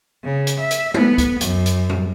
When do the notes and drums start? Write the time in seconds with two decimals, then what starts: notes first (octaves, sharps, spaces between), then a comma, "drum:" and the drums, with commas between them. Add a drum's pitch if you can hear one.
0.24 C#3
0.47 drum: hi-hat
0.60 E5
0.71 drum: hi-hat
0.94 B3, drum: tom G#3
1.18 drum: kick C#2, hi-hat
1.41 F#2, drum: hi-hat
1.66 drum: hi-hat
1.89 drum: tom A2